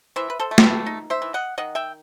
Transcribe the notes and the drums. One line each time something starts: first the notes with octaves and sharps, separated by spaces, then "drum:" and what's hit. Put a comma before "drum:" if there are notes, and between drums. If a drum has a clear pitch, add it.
E3 C5 E5
B4
A4 C5
A3
C5, drum: snare
G4 B4
D#4
C5 E5
E3
D#5 F#5
D#3 D#5 F#5
E5 G5